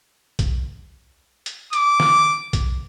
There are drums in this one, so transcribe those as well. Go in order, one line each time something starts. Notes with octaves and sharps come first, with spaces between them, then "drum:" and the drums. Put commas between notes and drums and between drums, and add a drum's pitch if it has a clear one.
drum: kick B1, hi-hat
drum: hi-hat
D6, drum: hi-hat
drum: snare
drum: kick B1, hi-hat